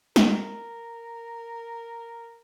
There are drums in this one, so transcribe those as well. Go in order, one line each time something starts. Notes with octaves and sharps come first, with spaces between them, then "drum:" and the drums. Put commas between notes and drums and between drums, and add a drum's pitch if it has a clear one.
A#4, drum: snare